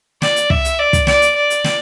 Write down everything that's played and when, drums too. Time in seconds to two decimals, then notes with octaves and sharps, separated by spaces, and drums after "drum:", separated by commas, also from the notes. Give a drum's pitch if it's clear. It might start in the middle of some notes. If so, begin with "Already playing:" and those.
0.22 D5, drum: snare
0.36 drum: hi-hat
0.50 E5, drum: kick
0.65 drum: hi-hat
0.79 D5
0.93 drum: kick, hi-hat
1.07 D5, drum: snare
1.22 drum: hi-hat
1.36 D5
1.50 drum: hi-hat
1.64 drum: snare